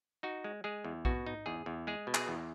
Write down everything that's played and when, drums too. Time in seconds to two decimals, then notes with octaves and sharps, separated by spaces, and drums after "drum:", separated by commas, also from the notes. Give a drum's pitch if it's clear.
0.23 D#4 F#4
0.44 G#3
0.64 G#3 G#4
0.84 E2
1.05 B2 F#4, drum: kick A#1
1.27 D#4
1.46 E2 G#4
1.66 E2
1.87 G#3 G#4
2.07 B2
2.14 G#4, drum: clap
2.28 E2